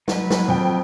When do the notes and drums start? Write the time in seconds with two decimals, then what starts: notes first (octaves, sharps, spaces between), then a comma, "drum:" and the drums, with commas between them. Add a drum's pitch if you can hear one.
0.08 F#3 B4, drum: snare
0.30 drum: snare
0.48 F2 G5